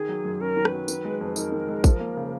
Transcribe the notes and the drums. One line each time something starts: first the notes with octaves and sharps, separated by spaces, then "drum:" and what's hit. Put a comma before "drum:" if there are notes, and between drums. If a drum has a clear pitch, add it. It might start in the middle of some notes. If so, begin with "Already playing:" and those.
Already playing: D#3 G#4
F#3
F#2
C#4 A#4
D#3
B4, drum: rim click
F#3
D#3, drum: tambourine
G#3
F2
D#4 A#4, drum: tambourine
D#3
G#3
F3, drum: kick, tambourine
A#3
C#3